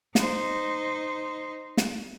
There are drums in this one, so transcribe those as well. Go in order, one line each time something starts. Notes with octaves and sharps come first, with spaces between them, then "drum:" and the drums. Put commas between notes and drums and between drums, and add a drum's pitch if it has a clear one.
D#4 C5, drum: snare
drum: snare